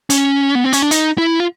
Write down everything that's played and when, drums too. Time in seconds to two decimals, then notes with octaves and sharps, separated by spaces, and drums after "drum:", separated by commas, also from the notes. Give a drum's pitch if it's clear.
0.10 C#4, drum: hi-hat
0.55 B3
0.64 C4
0.73 C#4, drum: hi-hat
0.82 D4
0.91 D#4, drum: hi-hat
1.18 E4
1.40 F4